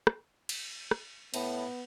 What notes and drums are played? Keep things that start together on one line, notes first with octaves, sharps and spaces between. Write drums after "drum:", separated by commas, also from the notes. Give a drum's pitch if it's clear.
drum: rim click
drum: cymbal
drum: rim click
A2 B3, drum: cymbal